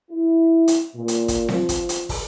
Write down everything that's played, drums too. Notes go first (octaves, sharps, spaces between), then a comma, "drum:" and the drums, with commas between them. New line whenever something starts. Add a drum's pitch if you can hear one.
E4
drum: hi-hat
A#2
drum: hi-hat
drum: kick, hi-hat
F3, drum: snare C4
drum: kick, hi-hat
drum: hi-hat
drum: kick, open hi-hat